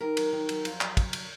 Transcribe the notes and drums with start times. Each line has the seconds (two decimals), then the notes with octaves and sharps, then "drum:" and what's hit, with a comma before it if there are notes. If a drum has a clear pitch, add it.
0.01 D#3 A#4
0.17 F#3, drum: cymbal
0.32 D#3
0.49 F#3, drum: cymbal
0.65 F2, drum: cymbal
0.81 F#3, drum: clap
0.97 F#3, drum: kick, cymbal
1.13 drum: cymbal